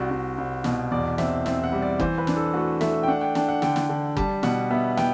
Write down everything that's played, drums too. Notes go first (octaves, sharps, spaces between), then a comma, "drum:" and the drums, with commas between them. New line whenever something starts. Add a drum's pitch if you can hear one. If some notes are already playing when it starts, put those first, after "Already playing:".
Already playing: C2 F#4
C2
C2
B2, drum: snare
E2 D5
C4 E5, drum: snare
C4 E5, drum: snare
F#5
G3
D5
E3 C5, drum: kick F#1
B4
D4, drum: snare
A4
A3 F#4
A3 E5, drum: snare
G5
D4 F#5
G5
D4 G5, drum: snare
F#5
D3 G5, drum: snare
drum: snare
D3
G3 A5, drum: kick F#1
B2 F#5, drum: snare
B3 E5
B3 G5, drum: snare